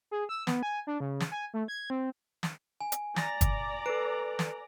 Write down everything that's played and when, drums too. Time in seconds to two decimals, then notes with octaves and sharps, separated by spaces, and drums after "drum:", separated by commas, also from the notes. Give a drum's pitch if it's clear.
0.11 G#4
0.29 E6
0.47 B3, drum: snare
0.63 G#5
0.87 D4
1.00 C#3
1.20 drum: snare
1.31 G#5
1.54 A3
1.68 G#6
1.90 C4
2.43 drum: snare
2.81 G#5
2.92 drum: hi-hat
3.16 D5 A#5 A6 A#6, drum: snare
3.41 drum: kick, hi-hat
3.86 A4 B4 D7
4.39 drum: snare